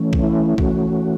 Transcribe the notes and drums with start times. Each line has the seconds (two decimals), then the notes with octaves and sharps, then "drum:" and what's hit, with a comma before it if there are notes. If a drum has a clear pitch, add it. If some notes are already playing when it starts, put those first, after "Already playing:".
Already playing: E3 A3 C#4
0.13 drum: kick A#1
0.23 E4
0.58 E3 A3 C#4 F#4, drum: kick A#1